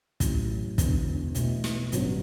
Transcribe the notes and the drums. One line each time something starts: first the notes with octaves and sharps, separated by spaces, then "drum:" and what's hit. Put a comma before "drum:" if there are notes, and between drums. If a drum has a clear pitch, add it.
A1 A2 F#3, drum: kick, hi-hat
E1 E2 D3, drum: kick, hi-hat
B1 B2 A3 E4, drum: hi-hat
drum: snare
A1 G2 D3 F#3 B3, drum: hi-hat